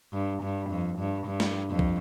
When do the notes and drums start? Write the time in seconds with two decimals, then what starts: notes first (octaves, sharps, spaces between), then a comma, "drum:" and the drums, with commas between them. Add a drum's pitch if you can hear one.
0.13 G2
0.42 G2
0.70 F2
0.98 G2
1.26 G2
1.40 drum: snare
1.69 F2
1.79 drum: kick